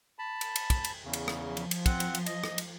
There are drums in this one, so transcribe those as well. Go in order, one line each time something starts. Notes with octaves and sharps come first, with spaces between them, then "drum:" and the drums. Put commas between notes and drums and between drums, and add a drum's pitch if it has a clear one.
A5 B5
drum: cymbal
drum: cymbal
drum: kick, cymbal
drum: cymbal
E2 C#3
drum: cymbal
drum: rim click
F3
drum: cymbal
drum: cymbal
C4 F#5, drum: kick, cymbal
drum: cymbal
drum: cymbal
D#5, drum: cymbal
drum: rim click
drum: cymbal